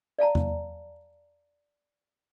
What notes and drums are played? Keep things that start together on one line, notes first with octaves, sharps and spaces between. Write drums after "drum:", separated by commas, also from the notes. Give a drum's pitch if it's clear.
D5 F5 A5 A#5
drum: tom E2